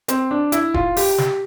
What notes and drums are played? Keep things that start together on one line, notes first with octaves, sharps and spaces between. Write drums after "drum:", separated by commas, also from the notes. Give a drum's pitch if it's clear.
C4, drum: hi-hat
D4
E4, drum: hi-hat
F4, drum: kick E1
G4, drum: open hi-hat
drum: snare